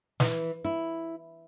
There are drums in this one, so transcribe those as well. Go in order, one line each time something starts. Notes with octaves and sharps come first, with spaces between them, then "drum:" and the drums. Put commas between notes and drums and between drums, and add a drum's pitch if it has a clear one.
E3, drum: snare
E4